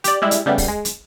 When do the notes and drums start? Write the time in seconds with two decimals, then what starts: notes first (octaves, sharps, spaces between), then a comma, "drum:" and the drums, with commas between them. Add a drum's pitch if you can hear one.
0.04 G4 D5, drum: hi-hat
0.22 G3 G#3 E4
0.31 drum: hi-hat
0.46 C#3 G3 A3 B3
0.58 drum: kick, open hi-hat
0.68 G#3
0.85 drum: hi-hat